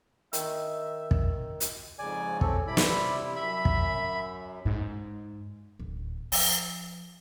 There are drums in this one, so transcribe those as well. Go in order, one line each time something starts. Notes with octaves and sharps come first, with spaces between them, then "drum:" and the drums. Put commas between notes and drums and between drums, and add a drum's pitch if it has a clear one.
D#3 E5, drum: hi-hat
drum: kick
drum: hi-hat
F2 G#2 C#3 D5 G#5
C4 C#4 A4, drum: kick
C3 G3 E4 D5 B5
drum: snare
F#2 E5 B5
drum: kick
G#2
D1 D#2
F3, drum: open hi-hat